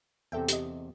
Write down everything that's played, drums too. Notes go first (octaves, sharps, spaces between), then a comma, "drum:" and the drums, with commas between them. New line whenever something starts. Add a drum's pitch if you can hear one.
E2 C3 A4 E5 G5
G4 D#5, drum: hi-hat